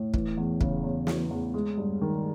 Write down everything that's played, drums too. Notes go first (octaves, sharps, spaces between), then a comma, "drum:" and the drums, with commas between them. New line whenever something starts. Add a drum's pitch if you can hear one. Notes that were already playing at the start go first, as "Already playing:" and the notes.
Already playing: A2
E3, drum: kick
E2
C#3, drum: kick
E2
E3, drum: snare
E2
G#3
G2
D#3